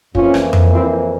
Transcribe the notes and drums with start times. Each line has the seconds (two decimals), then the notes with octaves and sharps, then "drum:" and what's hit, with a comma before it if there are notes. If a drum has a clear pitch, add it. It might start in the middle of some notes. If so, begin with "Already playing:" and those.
0.15 F2 E3 A#3 C#4 F4, drum: kick
0.34 drum: rim click
0.53 drum: tom F2
0.72 C4 E4